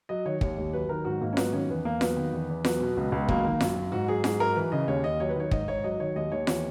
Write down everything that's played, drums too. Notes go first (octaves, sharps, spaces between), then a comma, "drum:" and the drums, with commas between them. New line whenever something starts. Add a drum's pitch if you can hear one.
F#3 D#5
D#3 C#5
D#2 C#5, drum: kick
D#2
F#3 B4
D#3 A#4
G#2 F#4
G#2 A#3
C#4
F#3 B3, drum: snare F4
D#3 C#4
E2 B3
E2 A#3
F#3 B3, drum: snare F4
D#3
E2
E2
F#3 B3, drum: snare F4
B2
C#2
C#2
F#3 A#3, drum: kick
D#3
F#2, drum: snare F4
F#2
G#2 F#4
F#3 G#4
G#2 G#4, drum: snare F4
F#3 A#4
E3 B4
C#3 D#5
D#2 C#5
D#2 D#5
F#3 C#5
B4
D#3 C#5
G#2 D#5, drum: kick
G#2 C#5
F#3 D#5
D#3 C#5
D#2 D#5
D#2 C#5
E3, drum: snare F4